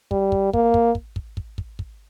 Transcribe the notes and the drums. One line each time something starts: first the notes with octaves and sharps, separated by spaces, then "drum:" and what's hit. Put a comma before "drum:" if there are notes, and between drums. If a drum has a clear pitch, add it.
G3, drum: kick
drum: kick
A#3, drum: kick
drum: kick
drum: kick
drum: kick
drum: kick
drum: kick
drum: kick